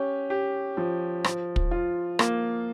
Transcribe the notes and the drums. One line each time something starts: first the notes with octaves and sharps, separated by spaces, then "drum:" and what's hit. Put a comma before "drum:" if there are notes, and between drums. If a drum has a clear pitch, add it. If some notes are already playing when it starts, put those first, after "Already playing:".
Already playing: C#4 G4
G4
F3
F3, drum: rim click
drum: kick
F4
A#3, drum: rim click